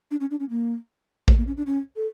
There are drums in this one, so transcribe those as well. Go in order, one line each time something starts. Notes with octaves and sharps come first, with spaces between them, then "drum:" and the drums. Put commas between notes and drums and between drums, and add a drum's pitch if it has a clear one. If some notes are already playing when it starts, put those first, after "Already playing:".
D4
C#4
D4
C#4
A#3
A3, drum: kick A1
A#3
C#4
D4
C#4
A4